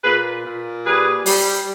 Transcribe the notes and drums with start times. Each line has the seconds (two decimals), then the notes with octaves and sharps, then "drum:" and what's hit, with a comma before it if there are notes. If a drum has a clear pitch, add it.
0.04 A#2 G#4 B4
0.45 A#2
0.85 G3 G#4 B4
1.26 G3, drum: open hi-hat